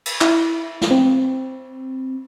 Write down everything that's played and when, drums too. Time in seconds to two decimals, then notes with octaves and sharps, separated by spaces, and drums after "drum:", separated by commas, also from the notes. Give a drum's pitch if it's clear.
0.06 drum: cymbal
0.21 E4, drum: clap
0.81 drum: snare
0.91 C4